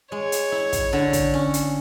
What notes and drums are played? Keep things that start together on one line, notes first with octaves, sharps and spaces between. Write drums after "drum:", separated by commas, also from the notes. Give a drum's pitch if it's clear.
G#3 C#5
drum: hi-hat
E4
drum: kick, hi-hat
D3
drum: kick, hi-hat
C#4
drum: hi-hat